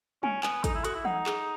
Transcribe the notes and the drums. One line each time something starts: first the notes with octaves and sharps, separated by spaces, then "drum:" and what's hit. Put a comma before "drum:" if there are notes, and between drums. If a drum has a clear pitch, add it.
C#4 G#5, drum: tom G3
B3 G#5, drum: clap
D#4 A4, drum: kick, hi-hat
E4
F#4 A4, drum: hi-hat
E4
D#4 F#5, drum: tom E3
G#4, drum: clap